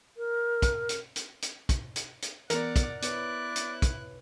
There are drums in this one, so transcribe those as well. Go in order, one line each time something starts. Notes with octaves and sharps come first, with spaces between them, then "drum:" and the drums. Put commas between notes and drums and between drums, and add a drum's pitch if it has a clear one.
A#4
drum: kick, hi-hat
drum: hi-hat
drum: hi-hat
drum: hi-hat
drum: kick, hi-hat
drum: hi-hat
drum: hi-hat
E3 B3 A#4 D5 F#5, drum: hi-hat
drum: kick, hi-hat
B3 E4 B4 C#5 D5 F#6, drum: hi-hat
drum: hi-hat
drum: kick, hi-hat